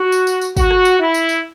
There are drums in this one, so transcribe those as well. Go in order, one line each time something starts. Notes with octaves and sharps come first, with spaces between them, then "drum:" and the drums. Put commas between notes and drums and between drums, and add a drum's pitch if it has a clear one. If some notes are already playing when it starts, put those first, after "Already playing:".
Already playing: F#4
drum: tambourine
drum: tambourine
drum: tambourine
F#4, drum: kick, tambourine
drum: rim click
drum: tambourine
E4
drum: tambourine
drum: tambourine